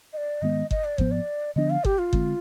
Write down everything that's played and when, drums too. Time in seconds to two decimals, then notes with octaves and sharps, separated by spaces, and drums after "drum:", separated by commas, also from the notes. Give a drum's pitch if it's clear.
0.13 D#5
0.17 D5
0.42 G#2 D#3 G#3 B3 D#5
0.71 D#5, drum: kick G1
0.85 D5
0.98 G#2 F3 B3 C5, drum: kick G1
1.11 D5
1.56 D3 F3 B3 D4 D#5
1.70 F5
1.85 G4, drum: kick G1
1.99 F4
2.13 D3 G#3 C4, drum: kick G1